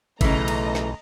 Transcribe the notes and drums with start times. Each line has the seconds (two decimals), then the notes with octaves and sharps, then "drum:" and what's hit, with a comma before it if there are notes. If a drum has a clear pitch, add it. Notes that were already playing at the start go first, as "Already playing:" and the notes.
0.21 B1 C#3 E3 A3 D#5 A#5, drum: kick G#1, cymbal
0.48 drum: cymbal
0.75 drum: snare